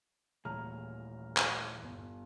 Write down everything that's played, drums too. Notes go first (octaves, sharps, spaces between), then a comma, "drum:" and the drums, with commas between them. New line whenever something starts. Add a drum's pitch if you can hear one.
D#1 A2 E3 G#4 A#5 F6
drum: clap
G1